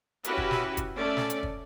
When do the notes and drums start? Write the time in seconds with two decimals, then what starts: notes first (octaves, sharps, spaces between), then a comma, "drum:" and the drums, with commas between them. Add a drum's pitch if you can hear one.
0.24 C#4 E4 F#4 G4 B4, drum: hi-hat
0.38 drum: kick
0.51 drum: snare
0.77 drum: kick, hi-hat
0.96 A3 C#4 D5
1.17 drum: snare
1.30 drum: hi-hat
1.43 drum: kick